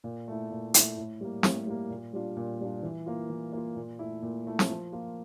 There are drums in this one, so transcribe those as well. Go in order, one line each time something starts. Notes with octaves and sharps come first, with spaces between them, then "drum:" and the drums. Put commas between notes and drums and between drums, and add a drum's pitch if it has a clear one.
A#2
A3 E4
A#2
A3 E4, drum: hi-hat
A2
G3 A#3
A2, drum: snare
G3 A#3
A#2
G3 D4 F4
A#2
G3 D4 F4
E3
A#3 F4
E3
A#3 F4
A#2
A3 E4
A#2
A3 E4
drum: snare
F3
A#3 F4